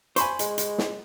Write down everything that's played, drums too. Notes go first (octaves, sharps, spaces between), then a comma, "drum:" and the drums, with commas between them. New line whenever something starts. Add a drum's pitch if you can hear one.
C5 G#5 B5 C#6, drum: hi-hat
G#3, drum: hi-hat
drum: hi-hat
drum: snare